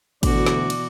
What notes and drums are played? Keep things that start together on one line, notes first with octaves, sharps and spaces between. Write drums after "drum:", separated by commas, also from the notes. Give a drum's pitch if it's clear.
D2 B2 E3 F#4 D5, drum: kick G#1, cymbal
drum: snare
drum: cymbal